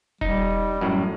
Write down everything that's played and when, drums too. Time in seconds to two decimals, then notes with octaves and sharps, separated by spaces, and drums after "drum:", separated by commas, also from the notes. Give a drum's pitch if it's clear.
0.21 G3 D#4, drum: kick E1
0.81 F#2 A2